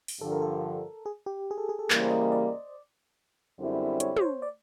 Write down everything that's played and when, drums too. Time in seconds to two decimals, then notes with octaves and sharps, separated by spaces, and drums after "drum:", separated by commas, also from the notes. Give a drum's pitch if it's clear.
0.08 drum: open hi-hat
0.21 G2 D3 F3 A4
0.31 A#4
0.42 A4
1.06 G#4
1.26 G4
1.51 G#4
1.58 A4
1.69 G#4
1.79 A4
1.90 C#3 E3 G3 A#3 A#4, drum: clap
2.00 C5
2.11 D#5
2.21 D#5
2.32 D5
3.58 F#2 D3 G3 C4 E4
4.00 C#5, drum: hi-hat
4.17 C#5, drum: tom
4.21 C5
4.42 D5